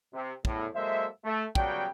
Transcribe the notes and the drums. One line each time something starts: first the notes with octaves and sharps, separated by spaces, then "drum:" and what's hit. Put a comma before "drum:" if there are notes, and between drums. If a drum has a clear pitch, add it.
C3
E2 A2, drum: kick
F#3 G#3 A#3 A4 C5 E5
A3
C#3 F#3 G3 B3 D5 G5, drum: kick